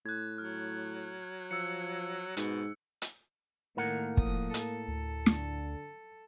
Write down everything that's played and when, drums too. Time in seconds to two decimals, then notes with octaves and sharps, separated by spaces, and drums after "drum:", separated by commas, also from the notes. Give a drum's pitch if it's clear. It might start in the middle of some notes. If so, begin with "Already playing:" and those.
0.06 A2 F#6 G#6
0.38 F#3 F6
1.51 F3 E6 F#6 C#7
2.37 G#2 B2, drum: hi-hat
3.02 drum: hi-hat
3.77 A2 D#3 A#3 A#4 F#5
4.17 F3 D#6 A#6, drum: kick
4.54 A4, drum: hi-hat
4.88 D2
5.26 D3, drum: snare